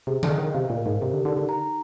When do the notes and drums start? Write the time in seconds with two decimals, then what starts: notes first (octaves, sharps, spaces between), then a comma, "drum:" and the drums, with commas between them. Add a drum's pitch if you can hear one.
0.07 C3 G#4
0.23 D3, drum: tom D3
0.30 D#5
0.38 D#3
0.54 C3 F5
0.70 A#2
0.78 A#4
0.86 G#2
1.01 C3 G4
1.13 D3
1.25 D3 D#4
1.37 D3
1.49 A#5